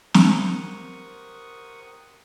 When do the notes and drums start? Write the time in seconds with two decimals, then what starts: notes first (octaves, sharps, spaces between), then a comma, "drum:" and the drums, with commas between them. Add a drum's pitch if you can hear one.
0.14 G4 A#4 C5 F#5 C#6 D#6, drum: snare